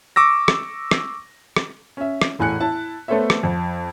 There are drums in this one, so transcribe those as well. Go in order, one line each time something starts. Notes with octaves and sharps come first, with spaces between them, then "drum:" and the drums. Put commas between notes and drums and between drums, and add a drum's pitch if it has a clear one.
C#6 D6 E6 A#6
drum: rim click
drum: rim click
drum: rim click
C#4 E5
drum: rim click
E1 A2 G#5 F#6 C#7
E4 A5
A3 B3 A4 C5 C#5 E5
drum: rim click
F2